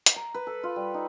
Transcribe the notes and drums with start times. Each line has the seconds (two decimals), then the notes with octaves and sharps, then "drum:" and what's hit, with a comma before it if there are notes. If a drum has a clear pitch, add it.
0.06 drum: hi-hat
0.16 A#5
0.34 B4
0.47 A4
0.63 F4
0.76 G3
0.94 D#4